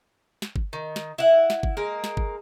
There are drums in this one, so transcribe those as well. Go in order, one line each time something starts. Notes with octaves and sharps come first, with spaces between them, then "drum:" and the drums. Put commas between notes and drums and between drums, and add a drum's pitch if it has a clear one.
drum: snare
drum: kick G1
D#3
drum: snare
E4 F#5
drum: snare
drum: kick G1
G#3 A#3 A#4
drum: snare
drum: kick G1